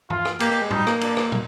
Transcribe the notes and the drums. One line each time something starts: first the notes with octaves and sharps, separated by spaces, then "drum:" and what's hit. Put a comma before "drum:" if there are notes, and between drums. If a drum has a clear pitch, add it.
F4, drum: tom
drum: rim click
A#3 G4, drum: cymbal
A#3
G#3
G3 D#4, drum: tom
A#3, drum: rim click
D4, drum: cymbal
drum: rim click
drum: tom